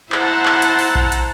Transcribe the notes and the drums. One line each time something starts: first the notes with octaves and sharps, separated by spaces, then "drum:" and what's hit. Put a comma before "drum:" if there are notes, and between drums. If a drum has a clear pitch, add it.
E4 C5 F#5 A5 A#5, drum: clap
drum: clap
drum: hi-hat
drum: open hi-hat
drum: kick A#1
drum: hi-hat